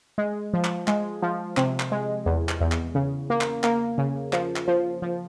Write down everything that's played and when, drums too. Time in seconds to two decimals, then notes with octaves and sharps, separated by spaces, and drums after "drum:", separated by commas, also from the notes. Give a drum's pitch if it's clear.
0.18 G#3
0.54 F3
0.64 drum: clap
0.88 G#3, drum: clap
1.23 F3
1.57 C3, drum: clap
1.80 drum: clap
1.92 G#3
2.26 E2
2.49 drum: clap
2.61 E2
2.72 drum: clap
2.95 C#3
3.30 A#3
3.41 drum: clap
3.64 A#3, drum: clap
3.98 C#3
4.33 F3, drum: clap
4.56 drum: clap
4.68 F3
5.02 F3